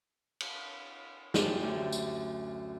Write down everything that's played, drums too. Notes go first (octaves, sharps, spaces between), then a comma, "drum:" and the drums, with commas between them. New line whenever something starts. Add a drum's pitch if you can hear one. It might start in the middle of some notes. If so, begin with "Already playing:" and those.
drum: cymbal
F#2 G4 C5, drum: snare
D2
drum: tambourine